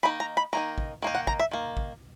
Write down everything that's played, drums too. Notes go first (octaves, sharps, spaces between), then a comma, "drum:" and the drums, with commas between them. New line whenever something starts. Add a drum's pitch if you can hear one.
D#3 A#3 D#4 B5
A#5
B5
D#3 A#3 D#4 A#5
drum: kick
D#3 A#3 D#4
F#5
A#5, drum: kick
E5
D#3 A#3
drum: kick